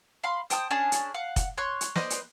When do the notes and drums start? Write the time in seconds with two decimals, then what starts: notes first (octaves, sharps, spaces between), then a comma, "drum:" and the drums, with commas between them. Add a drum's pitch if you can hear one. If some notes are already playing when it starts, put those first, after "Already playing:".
0.24 F5 B5 C6
0.50 C5 G5 A5 D#6, drum: hi-hat
0.71 C#4 D4 G#4 A5
0.92 drum: hi-hat
1.14 F5 F#5
1.36 drum: kick F1, hi-hat
1.58 C#5 C6 C#6 F#6
1.81 drum: hi-hat
1.96 B4 C5 D5 D#5, drum: snare
2.10 drum: hi-hat